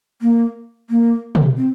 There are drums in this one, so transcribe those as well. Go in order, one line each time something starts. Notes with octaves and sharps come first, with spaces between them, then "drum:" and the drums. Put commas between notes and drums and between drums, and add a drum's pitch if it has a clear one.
A#3
A#3
drum: tom
C4